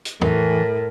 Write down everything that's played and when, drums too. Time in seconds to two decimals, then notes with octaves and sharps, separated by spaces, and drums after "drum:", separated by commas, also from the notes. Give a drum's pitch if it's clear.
0.05 drum: hi-hat
0.21 A2 E3 A#4, drum: tom E2